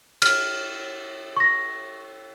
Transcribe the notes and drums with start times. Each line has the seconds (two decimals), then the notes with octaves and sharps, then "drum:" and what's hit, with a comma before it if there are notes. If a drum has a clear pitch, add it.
0.22 F6, drum: cymbal
1.37 C#6 A#6